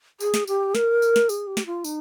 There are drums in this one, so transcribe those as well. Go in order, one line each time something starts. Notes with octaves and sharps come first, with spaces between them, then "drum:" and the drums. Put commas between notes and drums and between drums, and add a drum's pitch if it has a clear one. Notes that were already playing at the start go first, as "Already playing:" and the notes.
G#4, drum: tambourine
drum: snare
G4, drum: tambourine
A#4, drum: snare
drum: tambourine
drum: snare
G#4, drum: tambourine
G4
drum: snare
F4
D#4, drum: tambourine